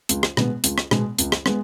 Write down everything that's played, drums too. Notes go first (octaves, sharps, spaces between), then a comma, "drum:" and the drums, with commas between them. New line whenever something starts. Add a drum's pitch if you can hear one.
C#2, drum: hi-hat
drum: rim click
B2 G#3 B3, drum: rim click
C#2, drum: hi-hat
drum: rim click
B2 G#3 B3, drum: rim click
C#2, drum: hi-hat
drum: rim click
G#3 B3, drum: rim click